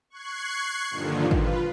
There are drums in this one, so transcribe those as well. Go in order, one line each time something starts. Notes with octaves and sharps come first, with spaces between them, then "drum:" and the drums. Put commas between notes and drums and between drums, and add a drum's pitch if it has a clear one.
C#6 F#6 G#6 C7
G2 A#2 D3 D#3 F3
F4 B4, drum: kick